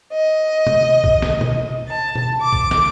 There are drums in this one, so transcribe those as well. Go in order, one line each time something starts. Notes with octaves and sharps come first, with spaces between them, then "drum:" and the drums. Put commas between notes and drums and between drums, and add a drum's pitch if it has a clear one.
D#5
drum: tom
drum: kick A#1
drum: snare
drum: tom
A5
drum: tom
D6
drum: kick A#1
drum: snare